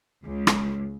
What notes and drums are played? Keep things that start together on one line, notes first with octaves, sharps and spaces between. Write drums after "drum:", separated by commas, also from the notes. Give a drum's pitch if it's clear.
C#2
drum: rim click